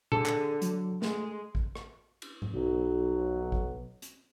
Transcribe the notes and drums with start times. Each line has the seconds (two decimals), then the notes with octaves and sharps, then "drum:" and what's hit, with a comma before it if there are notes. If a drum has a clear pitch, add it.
0.12 D3 G#4 A4, drum: tom A#2
0.26 drum: clap
0.62 F#3, drum: hi-hat
1.02 G#3 A3, drum: snare
1.55 drum: kick
1.75 drum: rim click
2.22 drum: cymbal
2.42 drum: tom G#2
2.54 B1 F#3
3.52 drum: kick
4.02 drum: hi-hat